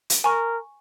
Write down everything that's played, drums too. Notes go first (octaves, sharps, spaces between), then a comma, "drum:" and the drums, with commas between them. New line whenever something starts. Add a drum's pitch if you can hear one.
drum: hi-hat
A#4 G#5 C#6